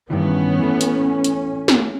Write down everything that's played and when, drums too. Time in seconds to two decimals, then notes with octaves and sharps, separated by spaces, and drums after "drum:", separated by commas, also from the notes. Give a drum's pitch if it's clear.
0.10 G2 D#3 E3 B3 C#4
0.59 E3 A3
0.81 drum: hi-hat
1.24 drum: hi-hat
1.68 drum: snare